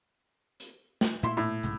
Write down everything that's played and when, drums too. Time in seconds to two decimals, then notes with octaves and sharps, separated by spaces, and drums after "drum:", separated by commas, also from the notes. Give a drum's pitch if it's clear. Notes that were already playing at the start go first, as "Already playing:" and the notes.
0.60 drum: hi-hat
1.01 drum: snare
1.23 A#2 A3 E4 E5 C6
1.37 A2
1.63 B1 G#2 C#3